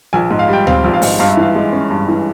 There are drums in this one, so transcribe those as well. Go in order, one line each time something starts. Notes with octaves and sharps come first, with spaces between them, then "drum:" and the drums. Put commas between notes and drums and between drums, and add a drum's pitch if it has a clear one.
A#1 G#5
G#2
F5
G3 G5
C4 F5, drum: tom D2
A#1
F5
G#2, drum: open hi-hat
G2 F5
E5
E3
F5
G#3
C#4
G2
E3